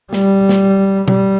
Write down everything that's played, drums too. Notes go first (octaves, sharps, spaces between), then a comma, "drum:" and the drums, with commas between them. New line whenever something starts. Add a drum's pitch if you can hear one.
G3, drum: snare
drum: snare
G3, drum: tom B2